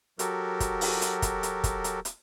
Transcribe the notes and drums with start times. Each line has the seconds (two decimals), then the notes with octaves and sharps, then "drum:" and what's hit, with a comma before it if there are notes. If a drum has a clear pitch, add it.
0.19 F#3 F#4 G4 A4 A#4, drum: hi-hat
0.60 drum: kick, hi-hat
0.81 drum: open hi-hat
1.02 drum: hi-hat
1.22 drum: kick, hi-hat
1.43 drum: hi-hat
1.64 drum: kick, hi-hat
1.84 drum: hi-hat
2.05 drum: hi-hat